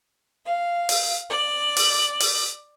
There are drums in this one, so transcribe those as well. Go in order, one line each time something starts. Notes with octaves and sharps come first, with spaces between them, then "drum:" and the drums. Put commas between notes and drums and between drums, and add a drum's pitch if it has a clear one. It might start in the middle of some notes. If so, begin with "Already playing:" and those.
F5
drum: open hi-hat
D5
drum: open hi-hat
drum: open hi-hat